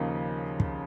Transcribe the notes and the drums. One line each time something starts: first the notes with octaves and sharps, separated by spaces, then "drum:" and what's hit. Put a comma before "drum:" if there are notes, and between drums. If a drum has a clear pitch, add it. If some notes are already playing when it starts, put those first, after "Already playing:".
Already playing: D#2 C#3 F3 A#3 D#4
drum: kick